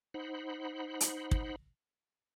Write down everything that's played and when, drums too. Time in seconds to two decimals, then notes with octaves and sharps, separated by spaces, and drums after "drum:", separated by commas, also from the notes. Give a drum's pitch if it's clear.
0.14 D#4 C5 F#5 B5
1.01 drum: hi-hat
1.31 drum: kick